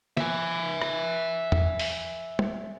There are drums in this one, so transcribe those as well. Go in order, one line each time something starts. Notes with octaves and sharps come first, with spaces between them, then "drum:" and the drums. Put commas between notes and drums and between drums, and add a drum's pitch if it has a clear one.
E5 G#5, drum: snare
drum: rim click
drum: tom E2
drum: open hi-hat
drum: tom